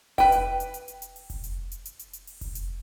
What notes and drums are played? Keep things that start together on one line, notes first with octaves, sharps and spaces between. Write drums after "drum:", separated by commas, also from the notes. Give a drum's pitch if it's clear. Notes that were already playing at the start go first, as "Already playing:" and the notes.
B4 G5, drum: kick F1, open hi-hat
drum: hi-hat
drum: hi-hat
drum: hi-hat
drum: hi-hat
drum: hi-hat
drum: open hi-hat
drum: kick F1, open hi-hat
drum: hi-hat
drum: hi-hat
drum: hi-hat
drum: hi-hat
drum: hi-hat
drum: open hi-hat
drum: kick F1, open hi-hat
drum: hi-hat